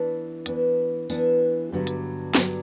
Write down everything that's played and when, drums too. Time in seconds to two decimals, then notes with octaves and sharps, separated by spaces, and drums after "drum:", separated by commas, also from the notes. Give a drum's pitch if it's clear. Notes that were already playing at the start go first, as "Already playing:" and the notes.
Already playing: E3 B3 D4
0.46 E3 B3 D4, drum: hi-hat
1.10 E3 B3 D4, drum: tambourine
1.72 G2 D3 F#3 B3
1.87 drum: hi-hat
2.35 G2 D3 F#3 B3, drum: snare